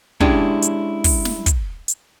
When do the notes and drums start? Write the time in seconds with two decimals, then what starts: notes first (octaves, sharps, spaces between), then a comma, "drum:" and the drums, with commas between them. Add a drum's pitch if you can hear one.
0.20 G#3 C#4 D4 E4 G4, drum: kick
0.62 drum: hi-hat
1.04 drum: kick, open hi-hat
1.25 drum: snare
1.46 drum: kick, hi-hat
1.88 drum: hi-hat